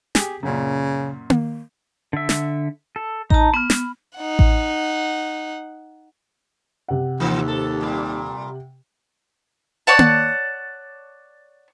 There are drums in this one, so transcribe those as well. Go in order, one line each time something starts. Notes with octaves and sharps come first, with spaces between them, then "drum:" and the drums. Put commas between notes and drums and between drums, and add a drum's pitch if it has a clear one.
G4 G#4, drum: snare
F#2 A#2 C#3
drum: tom A#3
D3 E5
drum: snare
A4
D#4 A5 A#5, drum: kick A1
B3 B5 F6
drum: snare
D#4 F#5
drum: kick A1
C3 F#5
D#2 E3 C4
A4
A#2 G3
C#5 D5 F#5 A5
drum: tom A#3